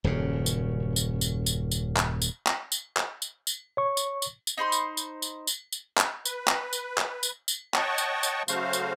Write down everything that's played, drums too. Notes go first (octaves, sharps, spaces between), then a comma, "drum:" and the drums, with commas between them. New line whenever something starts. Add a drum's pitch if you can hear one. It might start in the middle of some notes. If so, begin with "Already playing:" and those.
D#1 F#2 C#3
drum: tambourine
drum: tambourine
drum: tambourine
drum: tambourine
drum: tambourine
drum: clap
drum: tambourine
drum: clap
drum: tambourine
drum: clap
drum: tambourine
drum: tambourine
C#5 C#6
drum: tambourine
drum: tambourine
drum: tambourine
D#4 C5 B5 C6
drum: tambourine
drum: tambourine
drum: tambourine
drum: tambourine
drum: tambourine
drum: clap
B4, drum: tambourine
drum: clap
drum: tambourine
drum: clap
drum: tambourine
drum: tambourine
C#5 D#5 F#5 G5 A5 C#6, drum: clap
drum: tambourine
drum: tambourine
C#3 F#3 A3 F#4 C5 F5, drum: tambourine
drum: tambourine